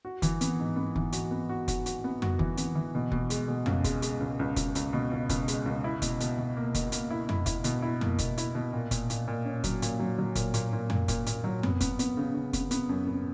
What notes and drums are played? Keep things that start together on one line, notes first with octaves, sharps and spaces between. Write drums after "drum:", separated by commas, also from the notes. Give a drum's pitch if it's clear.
F#4
E3, drum: kick F1, hi-hat
B3, drum: hi-hat
G#2
B3
E3, drum: kick F1
F#4, drum: hi-hat
B3
F#4
F#4, drum: kick F1, hi-hat
F#4, drum: hi-hat
B3
F#4, drum: tom F2
E3, drum: kick F1
B3, drum: hi-hat
E3
B2
B2, drum: kick F1
G#3, drum: hi-hat
B2
C#2, drum: tom F2
G#3, drum: kick F1, hi-hat
G#3, drum: hi-hat
C#2
C#2
C#2, drum: kick F1, hi-hat
C#2, drum: hi-hat
B2
C#2
C#2, drum: kick F1, hi-hat
G#3, drum: hi-hat
C#2
E4
B2, drum: kick F1, hi-hat
B2, drum: hi-hat
B2
A#3
B2, drum: kick F1, hi-hat
A#3, drum: hi-hat
E4
E4, drum: tom F2
E4, drum: kick F1, hi-hat
B2, drum: hi-hat
E4
A#3, drum: tom F2
B2, drum: kick F1, hi-hat
E4, drum: hi-hat
B2
A#2
A#2, drum: kick F1, hi-hat
A#2, drum: hi-hat
A#2
C#4
F#3, drum: kick F1, hi-hat
A#2, drum: hi-hat
F#3
F#3
A#2, drum: kick F1, hi-hat
A#2, drum: hi-hat
A#2
A#2, drum: tom F2
A#2, drum: kick F1, hi-hat
A#2, drum: hi-hat
F#3
B3, drum: tom F2
B3, drum: kick F1, hi-hat
B3, drum: hi-hat
C#3
C#3
B3, drum: kick F1, hi-hat
B3, drum: hi-hat
F#2
B3